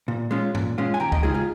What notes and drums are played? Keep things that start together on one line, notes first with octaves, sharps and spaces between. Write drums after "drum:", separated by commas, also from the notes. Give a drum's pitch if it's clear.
A#2
G#3 C#4 F4
A#2, drum: tom G2
G#3 C#4 F4
G#5
D#2 G5 A#5
D#5 G5, drum: kick D2
C#3 G#3 D#4 F4 G#4
F4 G#4